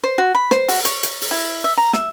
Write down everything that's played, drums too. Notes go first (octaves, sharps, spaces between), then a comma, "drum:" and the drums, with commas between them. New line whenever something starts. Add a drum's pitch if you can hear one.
C5
F#4
B5
C5, drum: snare
F#4, drum: open hi-hat
C#5, drum: hi-hat
drum: hi-hat
drum: open hi-hat
E4
E5
A#5
E5, drum: snare